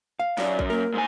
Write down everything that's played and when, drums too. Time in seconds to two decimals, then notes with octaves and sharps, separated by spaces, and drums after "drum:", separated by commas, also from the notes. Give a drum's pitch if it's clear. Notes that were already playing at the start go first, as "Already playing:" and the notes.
0.20 F5
0.38 F#2 D5, drum: snare
0.59 drum: kick
0.70 A#3 A#4
0.94 G#2 G#5